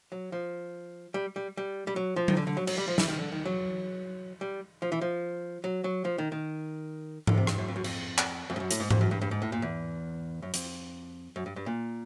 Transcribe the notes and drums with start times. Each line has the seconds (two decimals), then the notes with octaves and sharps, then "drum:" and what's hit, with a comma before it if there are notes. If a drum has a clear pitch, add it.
0.12 F#3
0.32 F3
1.14 G3
1.36 G3
1.57 G3
1.87 G3
1.96 F#3
2.16 F3
2.28 D#3, drum: tom F#3
2.37 D3
2.47 D3
2.57 F#3
2.67 F#3, drum: cymbal
2.78 G3
2.88 F3
2.98 E3, drum: snare
3.08 D#3
3.19 D3
3.32 D#3
3.45 F#3
4.41 G3
4.82 F3
4.92 E3
5.01 F3
5.64 F#3
5.84 F#3
6.05 F3
6.18 D#3
6.32 D#3
7.27 D3, drum: tom G#2
7.37 C3
7.47 G2, drum: rim click
7.58 F#2
7.68 F2
7.76 F#2
7.84 F2, drum: cymbal
8.18 drum: clap
8.50 F2
8.56 G2
8.60 F#2
8.71 A2, drum: hi-hat
8.80 G#2
8.90 F2, drum: tom G#2
9.01 F#2
9.11 G2
9.21 G2
9.31 G#2
9.42 A2
9.52 A#2
9.62 E2
10.42 F#2
10.54 F2, drum: hi-hat
11.36 F#2
11.46 G2
11.56 G2
11.66 A#2